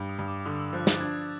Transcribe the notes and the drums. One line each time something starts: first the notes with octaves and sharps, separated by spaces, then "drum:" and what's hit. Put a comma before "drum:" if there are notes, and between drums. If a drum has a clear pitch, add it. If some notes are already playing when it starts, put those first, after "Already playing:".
Already playing: G2
D#6
G2
D6
D3 D#6
E6
F3 F#6
A6, drum: snare
D4 G#6